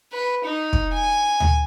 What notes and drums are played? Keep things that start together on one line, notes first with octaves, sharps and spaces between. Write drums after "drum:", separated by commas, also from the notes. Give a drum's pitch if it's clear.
B4
D#4
drum: kick
G#5
drum: tom D2